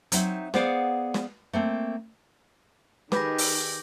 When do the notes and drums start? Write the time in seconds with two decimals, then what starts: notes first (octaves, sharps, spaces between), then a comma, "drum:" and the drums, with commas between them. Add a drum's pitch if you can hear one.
0.12 F#3 C4 D#4 E5, drum: hi-hat
0.54 B3 G#4 C5 D5 F5 F#5, drum: snare
1.14 drum: snare
1.53 A3 A#3 C4
3.12 D#3 G4 G#4 B4 D6 G6 A#6, drum: snare
3.38 drum: open hi-hat